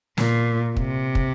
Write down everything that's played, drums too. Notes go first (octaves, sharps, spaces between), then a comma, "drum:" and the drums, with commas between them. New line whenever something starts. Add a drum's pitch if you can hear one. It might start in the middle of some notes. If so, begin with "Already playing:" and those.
A#2, drum: snare
C3, drum: kick
drum: kick